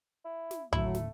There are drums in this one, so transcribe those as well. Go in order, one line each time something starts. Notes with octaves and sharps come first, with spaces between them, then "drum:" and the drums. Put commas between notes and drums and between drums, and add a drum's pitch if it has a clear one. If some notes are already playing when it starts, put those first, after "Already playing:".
E4
drum: snare
D#2 A2 D3 F#3 A3 E4, drum: kick
drum: snare